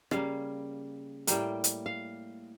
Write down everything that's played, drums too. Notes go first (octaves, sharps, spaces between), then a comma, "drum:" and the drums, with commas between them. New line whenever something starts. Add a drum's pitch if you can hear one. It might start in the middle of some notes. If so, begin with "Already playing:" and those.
C#3 G3 A#3 F5, drum: rim click
A2 G3 A#3 G5, drum: hi-hat
drum: hi-hat
F5